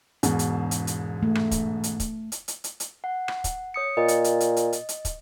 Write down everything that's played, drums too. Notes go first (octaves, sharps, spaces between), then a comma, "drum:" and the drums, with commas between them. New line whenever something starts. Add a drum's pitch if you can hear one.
E1 G#2 B2, drum: hi-hat
drum: hi-hat
drum: hi-hat
drum: hi-hat
A3
drum: rim click
drum: kick, hi-hat
drum: hi-hat
drum: kick, hi-hat
drum: hi-hat
drum: hi-hat
drum: hi-hat
drum: hi-hat
F#5
drum: rim click
drum: kick, hi-hat
C#5 D#6 C#7
A#2 D#5
drum: hi-hat
drum: hi-hat
drum: hi-hat
drum: hi-hat
drum: hi-hat
drum: hi-hat
drum: kick, hi-hat